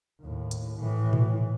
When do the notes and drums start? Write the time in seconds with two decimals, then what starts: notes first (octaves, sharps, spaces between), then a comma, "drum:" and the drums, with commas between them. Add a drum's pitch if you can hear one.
0.21 D#2 A2
0.51 drum: hi-hat
0.78 A2 E3
1.13 drum: tom A#2